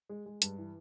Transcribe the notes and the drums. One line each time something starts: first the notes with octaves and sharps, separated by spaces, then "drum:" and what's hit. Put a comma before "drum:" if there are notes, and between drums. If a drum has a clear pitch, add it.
G#3
G#3
G2, drum: hi-hat
E3